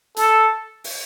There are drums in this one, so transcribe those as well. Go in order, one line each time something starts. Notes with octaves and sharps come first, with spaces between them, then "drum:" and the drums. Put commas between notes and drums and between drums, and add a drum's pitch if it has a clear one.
A4, drum: hi-hat
drum: open hi-hat